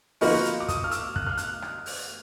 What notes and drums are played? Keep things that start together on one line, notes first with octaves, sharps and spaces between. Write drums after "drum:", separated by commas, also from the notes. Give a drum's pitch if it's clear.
F3 A#3 D#4 F#4 B4 C#6, drum: open hi-hat
drum: hi-hat
D6
D#6, drum: kick, hi-hat
F6
E6, drum: hi-hat
F#6, drum: kick
F6
F#6, drum: hi-hat
drum: rim click
drum: open hi-hat